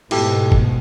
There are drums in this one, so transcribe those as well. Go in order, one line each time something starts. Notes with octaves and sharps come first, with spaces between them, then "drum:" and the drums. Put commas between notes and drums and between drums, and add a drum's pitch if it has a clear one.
G#2 B2 A3 E4 G4 A4, drum: cymbal
drum: kick